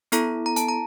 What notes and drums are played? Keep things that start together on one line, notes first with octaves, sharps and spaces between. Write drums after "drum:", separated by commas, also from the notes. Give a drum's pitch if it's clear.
B3 E4 A4 A#5, drum: hi-hat
A#5
A5, drum: hi-hat
A#5